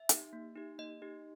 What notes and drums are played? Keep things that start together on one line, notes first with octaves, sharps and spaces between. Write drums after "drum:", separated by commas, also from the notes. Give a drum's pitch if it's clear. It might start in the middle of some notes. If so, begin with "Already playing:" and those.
Already playing: E5
D#4 G4, drum: hi-hat
A#3
D#4 G4
A#3 D#5
D#4 G4